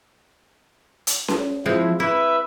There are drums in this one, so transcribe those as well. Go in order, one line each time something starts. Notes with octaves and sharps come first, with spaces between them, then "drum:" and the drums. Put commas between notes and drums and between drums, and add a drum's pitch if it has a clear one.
drum: hi-hat
drum: snare C#4
F3 G#3 C4 E4
E4 B4 E5